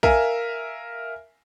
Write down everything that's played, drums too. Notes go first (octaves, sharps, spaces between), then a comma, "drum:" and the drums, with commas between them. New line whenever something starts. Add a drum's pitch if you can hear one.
A#4 E5 F5 G#5, drum: kick A#1